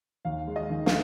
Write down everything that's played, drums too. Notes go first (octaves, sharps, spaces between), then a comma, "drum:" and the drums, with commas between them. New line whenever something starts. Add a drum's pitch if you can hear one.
D#2 F5
G#3
D#5
D#3
F5, drum: snare